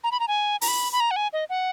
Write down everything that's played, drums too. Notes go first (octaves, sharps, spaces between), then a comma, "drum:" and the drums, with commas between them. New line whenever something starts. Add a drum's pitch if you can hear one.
A#5
B5
A#5
G#5
A#5, drum: open hi-hat
B5
B5
A#5
F#5
G#5
D#5
F#5